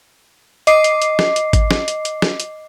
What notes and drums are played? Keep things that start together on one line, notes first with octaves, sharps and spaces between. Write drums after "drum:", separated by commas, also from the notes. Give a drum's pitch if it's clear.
D#5 D6 C7, drum: hi-hat
drum: hi-hat
drum: hi-hat
drum: snare
drum: hi-hat
drum: kick G#1, hi-hat
drum: snare
drum: hi-hat
drum: hi-hat
drum: snare
drum: hi-hat